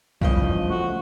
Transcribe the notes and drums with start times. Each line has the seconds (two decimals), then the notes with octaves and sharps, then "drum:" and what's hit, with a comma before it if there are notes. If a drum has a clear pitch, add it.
0.22 F#1 E2 G2 C#3 F3 D#5, drum: kick B1
0.69 A3 F#4